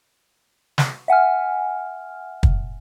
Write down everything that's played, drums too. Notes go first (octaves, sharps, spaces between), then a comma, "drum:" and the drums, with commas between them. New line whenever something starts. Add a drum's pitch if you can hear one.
drum: snare
E5 F#5 G#5 F6
drum: kick